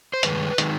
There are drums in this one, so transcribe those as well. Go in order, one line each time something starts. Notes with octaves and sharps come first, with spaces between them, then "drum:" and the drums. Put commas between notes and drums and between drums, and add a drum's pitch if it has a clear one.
C5
G2 D#3 G#3 B4, drum: hi-hat
D#3 G#3, drum: hi-hat